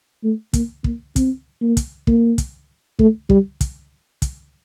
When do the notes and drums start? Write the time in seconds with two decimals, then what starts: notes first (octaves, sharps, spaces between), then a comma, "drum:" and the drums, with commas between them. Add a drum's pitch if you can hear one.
0.23 A3
0.53 A#3, drum: kick, hi-hat
0.84 A#3, drum: kick
1.16 C4, drum: kick, hi-hat
1.62 A#3
1.77 drum: kick, hi-hat
2.07 A#3, drum: kick
2.38 drum: kick, hi-hat
2.99 A3, drum: kick
3.30 G3, drum: kick
3.61 drum: kick, hi-hat
4.22 drum: kick, hi-hat